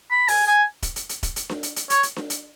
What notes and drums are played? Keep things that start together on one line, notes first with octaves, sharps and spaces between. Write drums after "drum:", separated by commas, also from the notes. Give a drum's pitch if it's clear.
B5
G#5, drum: open hi-hat
G#5
drum: kick D#1, hi-hat
drum: hi-hat
drum: hi-hat
drum: kick D#1, hi-hat
drum: hi-hat
drum: snare D4
drum: hi-hat
drum: hi-hat
C#5, drum: hi-hat
drum: hi-hat
drum: snare D4
drum: hi-hat